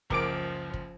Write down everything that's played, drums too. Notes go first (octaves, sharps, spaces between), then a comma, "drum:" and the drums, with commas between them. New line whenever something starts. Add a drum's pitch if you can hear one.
F#1 C#2 F3 A#4 D6 D7, drum: kick
drum: kick